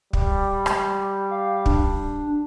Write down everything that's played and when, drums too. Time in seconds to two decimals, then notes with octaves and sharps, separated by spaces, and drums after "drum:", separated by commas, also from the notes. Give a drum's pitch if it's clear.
0.13 G3, drum: kick
0.66 drum: rim click
1.31 F5
1.66 D4, drum: kick